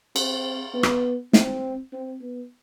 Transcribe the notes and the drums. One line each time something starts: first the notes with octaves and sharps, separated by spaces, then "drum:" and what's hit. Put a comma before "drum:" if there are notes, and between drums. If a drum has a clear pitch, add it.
C4, drum: cymbal
B3
drum: rim click
C4, drum: snare
C4
B3